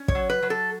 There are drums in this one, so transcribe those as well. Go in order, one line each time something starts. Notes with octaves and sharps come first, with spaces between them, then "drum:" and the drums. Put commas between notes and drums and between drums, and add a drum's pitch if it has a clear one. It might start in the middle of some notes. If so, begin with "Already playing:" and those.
Already playing: C#4
C#5, drum: kick
F#3
B4
F#3
A4